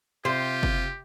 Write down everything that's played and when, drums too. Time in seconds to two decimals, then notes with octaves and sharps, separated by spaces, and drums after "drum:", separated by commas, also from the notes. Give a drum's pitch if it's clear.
0.25 C3 F4 G4 C5
0.63 drum: kick